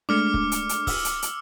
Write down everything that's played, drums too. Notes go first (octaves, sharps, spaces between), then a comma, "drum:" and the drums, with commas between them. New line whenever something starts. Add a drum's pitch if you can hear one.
G#3 A3 D4 D6 F6 C#7
drum: kick C#1
drum: hi-hat
drum: hi-hat
E6, drum: kick C#1, open hi-hat
drum: hi-hat
drum: hi-hat